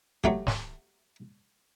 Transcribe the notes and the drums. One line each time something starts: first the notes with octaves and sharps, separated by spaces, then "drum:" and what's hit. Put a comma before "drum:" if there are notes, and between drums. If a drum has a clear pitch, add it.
F#3 A3 G4, drum: kick
drum: snare